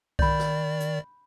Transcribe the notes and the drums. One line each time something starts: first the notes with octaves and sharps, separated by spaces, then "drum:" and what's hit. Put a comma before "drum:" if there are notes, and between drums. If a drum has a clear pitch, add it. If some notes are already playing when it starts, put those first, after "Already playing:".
D#3 D5 B5 G6, drum: kick B1
drum: snare
drum: hi-hat